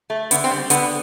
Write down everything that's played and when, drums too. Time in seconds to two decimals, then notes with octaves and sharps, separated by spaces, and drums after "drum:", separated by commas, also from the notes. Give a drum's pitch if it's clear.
0.10 A3
0.31 D3 B3, drum: hi-hat
0.44 C4
0.51 G3
0.70 D3 B3, drum: hi-hat